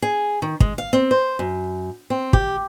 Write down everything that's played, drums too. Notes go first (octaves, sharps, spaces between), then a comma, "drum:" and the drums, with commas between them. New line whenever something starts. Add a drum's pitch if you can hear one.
G#4
D#3
G#3, drum: kick
F5
C4
C5
F#2
C4
G4, drum: kick